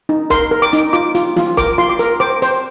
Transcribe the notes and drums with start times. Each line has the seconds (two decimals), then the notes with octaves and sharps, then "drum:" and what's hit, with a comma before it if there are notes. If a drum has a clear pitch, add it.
0.09 D#4
0.30 A#4 C6, drum: kick, hi-hat
0.51 A#4
0.62 D6
0.73 D#4, drum: hi-hat
0.93 F4 D6
1.15 F4, drum: hi-hat
1.37 F4, drum: snare
1.57 A#4 D6, drum: kick, hi-hat
1.78 F4 C6
1.90 D6
1.99 A#4, drum: hi-hat
2.20 C5 D6
2.42 C5, drum: hi-hat